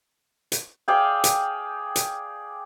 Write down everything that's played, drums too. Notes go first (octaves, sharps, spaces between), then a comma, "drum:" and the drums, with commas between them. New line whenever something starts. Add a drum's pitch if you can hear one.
drum: hi-hat
G#4 D5 F5 G5
drum: hi-hat
drum: hi-hat